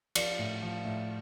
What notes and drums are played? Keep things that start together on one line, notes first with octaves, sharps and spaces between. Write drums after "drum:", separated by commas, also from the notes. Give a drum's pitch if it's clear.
F3 D5, drum: cymbal
A2
F3
A2